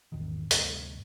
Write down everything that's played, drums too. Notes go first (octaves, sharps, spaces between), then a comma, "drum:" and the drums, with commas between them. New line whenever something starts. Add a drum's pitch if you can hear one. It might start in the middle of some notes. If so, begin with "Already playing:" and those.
G#1 E2 A#2 D#3
D2 G2 C3, drum: hi-hat